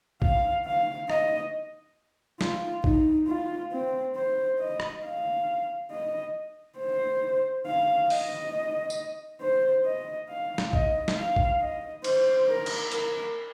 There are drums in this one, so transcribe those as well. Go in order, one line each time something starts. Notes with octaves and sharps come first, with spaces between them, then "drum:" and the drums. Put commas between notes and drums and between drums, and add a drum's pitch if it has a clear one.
F5, drum: kick
F5
D#5, drum: rim click
F4, drum: snare
D#4, drum: kick
F4
C4
C5
D#5
drum: rim click
F5
D#5
C5
F5
D#5, drum: open hi-hat
drum: tambourine
C5
D#5
F5
drum: snare
D#5, drum: kick
drum: snare
F5
drum: kick
D#5
C5, drum: cymbal
A#4
drum: cymbal
A#4, drum: hi-hat